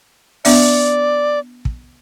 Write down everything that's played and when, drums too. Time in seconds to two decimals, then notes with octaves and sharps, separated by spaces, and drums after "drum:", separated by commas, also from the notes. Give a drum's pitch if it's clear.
0.45 B3 D4 D5 E5, drum: open hi-hat
1.65 drum: kick